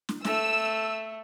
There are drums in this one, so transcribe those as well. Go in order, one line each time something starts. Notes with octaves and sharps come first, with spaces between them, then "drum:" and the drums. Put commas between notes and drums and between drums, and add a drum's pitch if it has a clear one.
drum: snare
A3 E6, drum: snare